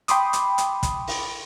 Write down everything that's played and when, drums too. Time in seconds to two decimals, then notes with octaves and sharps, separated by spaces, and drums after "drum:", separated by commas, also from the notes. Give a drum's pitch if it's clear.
0.08 G5 B5 C6 D6 D#6, drum: hi-hat
0.33 drum: hi-hat
0.58 drum: hi-hat
0.83 drum: kick, hi-hat
1.07 drum: open hi-hat